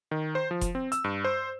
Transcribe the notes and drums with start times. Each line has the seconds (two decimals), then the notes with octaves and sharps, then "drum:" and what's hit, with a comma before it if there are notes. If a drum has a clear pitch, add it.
0.11 D#3
0.35 C5
0.51 F3
0.61 drum: kick F1, hi-hat
0.75 C4
0.92 E6, drum: hi-hat
1.04 G2
1.25 C5